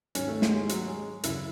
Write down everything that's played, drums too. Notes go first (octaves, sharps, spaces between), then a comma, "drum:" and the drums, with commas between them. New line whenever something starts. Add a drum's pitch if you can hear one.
G#2 D#3 C#4, drum: hi-hat
A3
G#3, drum: snare
G#3
F#3, drum: hi-hat
G#3
F#2 C#3 E3 E4, drum: hi-hat